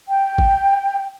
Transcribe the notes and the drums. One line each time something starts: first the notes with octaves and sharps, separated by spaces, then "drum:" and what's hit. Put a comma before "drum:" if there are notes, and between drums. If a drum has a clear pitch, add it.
G5
drum: kick